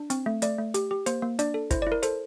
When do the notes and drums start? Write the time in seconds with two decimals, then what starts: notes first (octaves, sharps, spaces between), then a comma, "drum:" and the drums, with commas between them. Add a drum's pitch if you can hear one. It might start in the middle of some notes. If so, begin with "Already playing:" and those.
Already playing: D4
0.10 C4, drum: hi-hat
0.26 A3
0.42 A3 D5, drum: hi-hat
0.59 A3
0.74 G4, drum: hi-hat
0.91 G4
1.06 A#3 C5, drum: hi-hat
1.22 A#3
1.39 D4 D5, drum: hi-hat
1.54 A4
1.71 E4 C5, drum: kick, hi-hat
1.82 D5
1.87 E4
1.92 A#4
2.03 A4 C5, drum: hi-hat